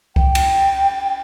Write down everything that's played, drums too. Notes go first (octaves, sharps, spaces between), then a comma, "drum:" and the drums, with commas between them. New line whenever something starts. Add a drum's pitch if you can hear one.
G5, drum: kick C2
drum: cymbal